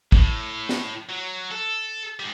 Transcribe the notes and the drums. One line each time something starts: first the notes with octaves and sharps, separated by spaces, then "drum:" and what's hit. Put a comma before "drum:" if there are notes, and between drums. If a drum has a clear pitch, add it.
A2, drum: kick
drum: snare
F#3
A4
G#2 G3